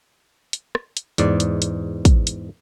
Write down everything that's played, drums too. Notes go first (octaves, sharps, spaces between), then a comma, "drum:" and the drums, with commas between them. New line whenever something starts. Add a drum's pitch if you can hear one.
drum: hi-hat
drum: rim click
drum: hi-hat
E2 G#2 D5, drum: hi-hat
drum: hi-hat
drum: hi-hat
drum: kick, hi-hat
drum: hi-hat